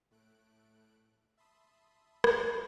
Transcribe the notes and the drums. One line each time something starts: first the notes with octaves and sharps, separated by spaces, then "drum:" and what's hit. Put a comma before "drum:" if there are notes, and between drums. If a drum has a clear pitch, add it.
A2 A3 F#6 D7
E5 A5 B5 C6 D#6
drum: rim click